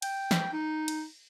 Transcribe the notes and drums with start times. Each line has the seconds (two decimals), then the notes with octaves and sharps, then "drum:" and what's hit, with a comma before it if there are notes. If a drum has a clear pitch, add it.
0.02 G5, drum: cymbal
0.31 drum: snare
0.53 D#4
0.88 drum: cymbal